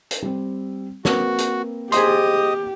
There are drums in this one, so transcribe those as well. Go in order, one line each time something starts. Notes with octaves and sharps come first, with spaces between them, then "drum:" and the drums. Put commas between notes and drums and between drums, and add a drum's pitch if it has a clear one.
drum: hi-hat
G3 C4
A#3 C4 F#4 B4, drum: snare
drum: hi-hat
G4 G#4 C5 D#5 C6 D#6, drum: hi-hat